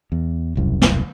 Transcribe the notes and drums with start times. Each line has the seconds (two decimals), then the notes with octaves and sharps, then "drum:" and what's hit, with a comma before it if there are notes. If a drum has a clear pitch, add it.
0.12 E2
0.55 E1 C2 F#2
0.82 drum: snare